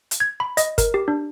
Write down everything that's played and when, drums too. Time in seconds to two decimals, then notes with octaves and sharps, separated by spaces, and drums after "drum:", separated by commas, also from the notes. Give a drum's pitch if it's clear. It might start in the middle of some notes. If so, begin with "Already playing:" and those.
0.11 drum: hi-hat
0.20 G#6
0.40 B5
0.57 D#5, drum: hi-hat
0.78 A#4, drum: kick G1, hi-hat
0.94 G4
1.08 D4